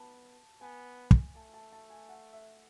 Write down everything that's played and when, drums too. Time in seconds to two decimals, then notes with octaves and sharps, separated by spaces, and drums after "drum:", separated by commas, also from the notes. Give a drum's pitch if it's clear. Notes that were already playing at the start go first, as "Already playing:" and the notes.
Already playing: B3 A5 B5
0.61 B3 G#5
1.11 drum: kick
1.35 A3 A5
1.54 A5
1.72 A5
1.90 G#5
2.09 F#5
2.33 E5